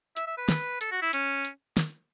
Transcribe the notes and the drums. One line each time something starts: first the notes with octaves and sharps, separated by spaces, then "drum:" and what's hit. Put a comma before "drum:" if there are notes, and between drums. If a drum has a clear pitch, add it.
E5, drum: hi-hat
E5
B4
drum: snare
A4, drum: hi-hat
F#4
E4
C#4, drum: hi-hat
drum: hi-hat
drum: snare